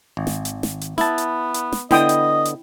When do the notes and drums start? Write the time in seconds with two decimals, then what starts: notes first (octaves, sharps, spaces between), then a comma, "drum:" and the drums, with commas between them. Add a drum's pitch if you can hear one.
0.17 G#1
0.27 drum: snare
0.45 drum: hi-hat
0.63 drum: snare
0.81 drum: hi-hat
0.98 B3 E4 A5, drum: snare
1.18 drum: hi-hat
1.54 drum: hi-hat
1.73 drum: snare
1.91 D3 B3 E4 D#5 G5 D#6, drum: snare
2.09 drum: hi-hat
2.45 drum: hi-hat